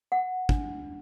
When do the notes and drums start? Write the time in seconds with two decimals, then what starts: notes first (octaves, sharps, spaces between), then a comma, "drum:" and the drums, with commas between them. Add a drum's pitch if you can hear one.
0.12 F#5
0.49 D4, drum: kick